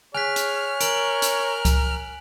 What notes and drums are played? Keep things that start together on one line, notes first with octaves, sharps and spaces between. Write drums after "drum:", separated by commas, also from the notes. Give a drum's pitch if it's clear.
G#4 C#5 G#5 F6 F#6 B6
drum: hi-hat
A#4 D7 F#7, drum: hi-hat
drum: hi-hat
drum: kick C#2, hi-hat